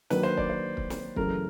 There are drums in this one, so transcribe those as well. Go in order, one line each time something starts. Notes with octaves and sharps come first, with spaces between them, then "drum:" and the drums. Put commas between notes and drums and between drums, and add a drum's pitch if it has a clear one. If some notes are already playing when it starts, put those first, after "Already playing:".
D#3 F#3 A#3 D4 B4, drum: snare
C5
D5, drum: kick
C5
drum: kick
drum: snare
F#2 C#3 E3 A3 A#4, drum: kick